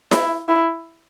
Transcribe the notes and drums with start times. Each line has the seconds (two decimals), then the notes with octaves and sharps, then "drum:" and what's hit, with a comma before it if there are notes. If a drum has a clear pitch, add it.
0.11 E4, drum: snare E4
0.48 E4